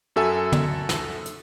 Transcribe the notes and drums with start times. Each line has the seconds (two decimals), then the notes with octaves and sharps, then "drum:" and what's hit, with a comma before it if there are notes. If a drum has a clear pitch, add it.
0.16 F#2 F#4 A4 E5 G#5
0.52 drum: tom
0.89 drum: snare
1.26 drum: hi-hat